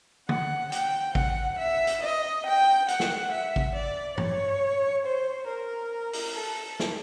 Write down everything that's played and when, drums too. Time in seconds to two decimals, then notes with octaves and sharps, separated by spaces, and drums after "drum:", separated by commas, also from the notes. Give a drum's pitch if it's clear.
0.29 F#5, drum: tom
0.72 G5, drum: hi-hat
1.15 F#5, drum: kick
1.58 E5
1.87 drum: hi-hat
2.02 D#5
2.45 G5
2.88 F#5, drum: hi-hat
3.00 drum: snare
3.32 E5
3.56 drum: kick
3.75 D5
4.18 C#5, drum: tom G2
5.05 C5
5.47 A#4
6.13 drum: open hi-hat
6.34 A4
6.80 drum: snare